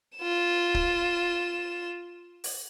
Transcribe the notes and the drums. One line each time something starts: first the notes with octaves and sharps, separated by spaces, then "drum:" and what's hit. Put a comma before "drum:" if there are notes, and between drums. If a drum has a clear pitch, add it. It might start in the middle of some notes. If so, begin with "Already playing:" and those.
F4 E7
drum: kick C#1
drum: open hi-hat